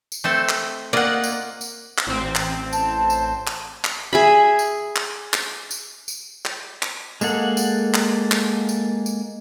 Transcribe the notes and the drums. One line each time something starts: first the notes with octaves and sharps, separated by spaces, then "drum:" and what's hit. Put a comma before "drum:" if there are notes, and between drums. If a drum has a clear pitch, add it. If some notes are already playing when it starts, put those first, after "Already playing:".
drum: tambourine
A3 C4 A4
drum: clap
A#3 F4 D5 D#5 F#5
drum: tambourine
drum: tambourine
drum: clap
A1 C4
drum: clap
A5, drum: tambourine
drum: tambourine
drum: clap
drum: clap
G#4 E5 B5
drum: tambourine
drum: clap
drum: clap
drum: tambourine
drum: tambourine
drum: clap
drum: clap
G#3 A#3 A4 F#5, drum: tambourine
drum: tambourine
drum: clap
drum: clap
drum: tambourine
drum: tambourine